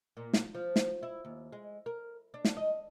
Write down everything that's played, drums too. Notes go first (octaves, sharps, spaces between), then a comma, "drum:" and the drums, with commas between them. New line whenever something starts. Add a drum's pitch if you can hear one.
A#2
drum: snare
F3
drum: snare
E4
D#2
G#3
A#4
D4
drum: snare
D#5